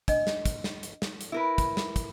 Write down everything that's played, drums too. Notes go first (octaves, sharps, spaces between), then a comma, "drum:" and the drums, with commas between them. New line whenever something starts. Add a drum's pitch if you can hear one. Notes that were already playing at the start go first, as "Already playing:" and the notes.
D4 D#5, drum: kick, hi-hat
drum: snare
drum: kick, hi-hat
drum: snare
drum: hi-hat
drum: snare
drum: hi-hat
E4 A#4 B4
drum: kick, hi-hat
drum: snare
drum: kick, hi-hat